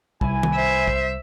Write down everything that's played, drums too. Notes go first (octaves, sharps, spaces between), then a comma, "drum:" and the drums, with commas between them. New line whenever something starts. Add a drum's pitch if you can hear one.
C2 E3 E4 G#5, drum: kick
drum: tom D#3
C5 E5
drum: kick